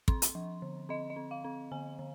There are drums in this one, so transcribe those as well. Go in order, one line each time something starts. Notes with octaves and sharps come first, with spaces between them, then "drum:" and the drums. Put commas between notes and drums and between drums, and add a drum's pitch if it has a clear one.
C4 C6, drum: kick
drum: hi-hat
F3
D3
C4 D#5
D#5
C4
F5
C4
D3 G#5
D3